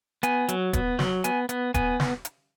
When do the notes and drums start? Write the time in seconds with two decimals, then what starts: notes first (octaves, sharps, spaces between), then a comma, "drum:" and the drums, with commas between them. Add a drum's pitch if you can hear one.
0.23 B3 G#5, drum: hi-hat
0.49 F#3, drum: hi-hat
0.73 B3, drum: kick D#1, hi-hat
0.99 F#3, drum: snare
1.24 B3 G#5, drum: hi-hat
1.49 B3, drum: hi-hat
1.74 B3 G#5, drum: kick D#1, hi-hat
2.00 drum: snare
2.25 drum: hi-hat